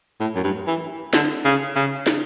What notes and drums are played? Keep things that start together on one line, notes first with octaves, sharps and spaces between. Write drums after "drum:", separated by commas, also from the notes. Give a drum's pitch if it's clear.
A2
F#2
G2
E3
D3, drum: snare
C#3
C#3
drum: snare